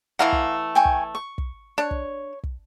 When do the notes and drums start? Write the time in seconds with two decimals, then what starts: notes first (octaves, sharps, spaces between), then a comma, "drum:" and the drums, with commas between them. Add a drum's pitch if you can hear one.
0.19 E3 A3 F5 F#5 A#5
0.32 drum: kick
0.75 G5 G#5 C#6
0.85 drum: kick
1.15 C#6
1.38 drum: kick
1.78 D4 C#5
1.91 drum: kick
2.44 drum: kick